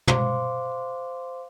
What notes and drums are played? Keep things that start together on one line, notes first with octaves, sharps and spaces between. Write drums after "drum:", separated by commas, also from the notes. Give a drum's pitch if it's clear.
C5 F5 C6 D6, drum: tom